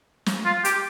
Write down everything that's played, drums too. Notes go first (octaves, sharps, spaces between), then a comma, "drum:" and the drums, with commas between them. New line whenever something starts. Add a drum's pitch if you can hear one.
drum: snare
F4
G4, drum: hi-hat